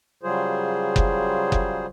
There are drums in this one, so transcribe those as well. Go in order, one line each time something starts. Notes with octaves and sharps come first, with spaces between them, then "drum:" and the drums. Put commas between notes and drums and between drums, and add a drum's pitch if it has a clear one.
C#3 F#3 G3 F4 G#4 C5
drum: kick F#1
drum: kick F#1